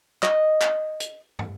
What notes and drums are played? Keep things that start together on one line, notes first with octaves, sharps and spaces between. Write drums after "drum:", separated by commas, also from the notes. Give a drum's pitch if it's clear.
D#5, drum: clap
drum: clap
drum: hi-hat
drum: tom